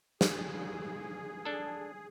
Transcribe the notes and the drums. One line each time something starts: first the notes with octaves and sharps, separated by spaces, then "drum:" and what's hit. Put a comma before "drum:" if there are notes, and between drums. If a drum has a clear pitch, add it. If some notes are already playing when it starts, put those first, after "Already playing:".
G#4, drum: snare
D4 A4